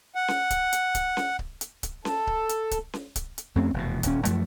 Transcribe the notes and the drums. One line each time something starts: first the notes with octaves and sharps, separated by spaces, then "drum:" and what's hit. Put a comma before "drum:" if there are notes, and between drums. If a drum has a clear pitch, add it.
F#5
drum: snare C#4
drum: kick C#1, hi-hat
drum: hi-hat
drum: kick C#1, hi-hat
drum: snare C#4
drum: kick C#1
drum: hi-hat
drum: kick C#1, hi-hat
A4, drum: snare C#4
drum: kick C#1
drum: hi-hat
drum: kick C#1, hi-hat
drum: snare C#4
drum: kick C#1, hi-hat
drum: hi-hat
F2 A3 C4 C#4
F1 E2 B2
D#1 C#4, drum: kick C#1, hi-hat
F#2 F3 A3, drum: hi-hat